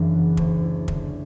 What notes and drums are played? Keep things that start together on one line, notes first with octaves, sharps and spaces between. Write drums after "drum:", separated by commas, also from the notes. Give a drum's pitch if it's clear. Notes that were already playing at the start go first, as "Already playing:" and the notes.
Already playing: F#1 F#2 E3 D4
B3
D2, drum: kick
E4
D3, drum: kick